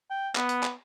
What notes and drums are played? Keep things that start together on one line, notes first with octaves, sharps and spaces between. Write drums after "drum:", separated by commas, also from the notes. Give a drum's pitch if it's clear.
G5
B3, drum: clap
drum: hi-hat
drum: clap